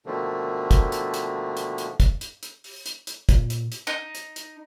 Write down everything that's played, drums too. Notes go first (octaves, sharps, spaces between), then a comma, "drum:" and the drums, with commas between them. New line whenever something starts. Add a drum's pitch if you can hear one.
B2 D3 D#3 F3 A3 A#3
drum: kick, hi-hat
drum: hi-hat
drum: hi-hat
drum: hi-hat
drum: hi-hat
drum: kick, hi-hat
drum: hi-hat
drum: hi-hat
drum: open hi-hat
drum: hi-hat
drum: hi-hat
A#2, drum: kick, hi-hat
drum: hi-hat
drum: hi-hat
D#4
drum: hi-hat
drum: hi-hat